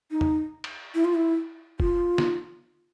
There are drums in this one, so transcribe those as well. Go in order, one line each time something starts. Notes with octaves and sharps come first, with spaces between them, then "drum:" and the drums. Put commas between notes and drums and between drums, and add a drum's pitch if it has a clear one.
D#4
drum: tom E2
drum: cymbal
E4
F4
E4
F4, drum: kick
drum: snare